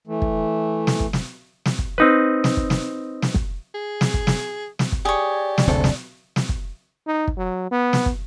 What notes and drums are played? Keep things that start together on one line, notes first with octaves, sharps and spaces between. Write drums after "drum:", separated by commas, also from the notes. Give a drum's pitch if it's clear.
E3 A3
drum: kick
drum: snare
drum: kick
drum: snare
drum: snare
drum: kick
C4 D#4 B4
drum: snare
drum: kick
drum: snare
drum: snare
drum: kick
G#4
drum: snare
drum: kick
drum: snare
drum: snare
drum: kick
G4 G#4 C#5 D5
drum: snare
F#1 D2 C3 A4
drum: snare
drum: snare
drum: kick
D#4
drum: kick
F#3
B3
drum: snare
drum: kick